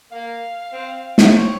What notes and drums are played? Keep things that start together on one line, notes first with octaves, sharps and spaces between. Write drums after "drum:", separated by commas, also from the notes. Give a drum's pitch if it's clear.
A#3 F5
C4
drum: snare
C4 C#5